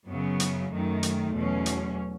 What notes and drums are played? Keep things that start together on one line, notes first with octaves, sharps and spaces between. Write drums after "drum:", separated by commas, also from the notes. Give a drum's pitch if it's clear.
F#2 C#3 F#3 B3
drum: hi-hat
F#2 D#3 F#3 A3
drum: hi-hat
E2 B2 F#3 C#4
drum: hi-hat